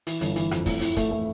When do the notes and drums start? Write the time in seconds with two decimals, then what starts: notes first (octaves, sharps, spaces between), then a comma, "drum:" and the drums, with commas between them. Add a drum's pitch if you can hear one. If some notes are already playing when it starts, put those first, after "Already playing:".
0.07 E3, drum: hi-hat
0.21 G1, drum: hi-hat
0.36 E3, drum: hi-hat
0.51 F2, drum: rim click
0.66 A1, drum: kick, open hi-hat
0.81 A2, drum: hi-hat
0.97 A3, drum: kick, hi-hat
1.11 A3